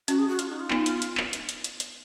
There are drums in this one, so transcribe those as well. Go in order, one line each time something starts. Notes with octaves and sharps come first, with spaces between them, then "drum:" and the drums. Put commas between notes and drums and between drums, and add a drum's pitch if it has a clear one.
C#4 F#4, drum: hi-hat
G#4
F#4
F4, drum: hi-hat
D#4
F4
B3 D#4, drum: clap
drum: hi-hat
drum: hi-hat
drum: clap
drum: hi-hat
drum: hi-hat
drum: hi-hat
drum: hi-hat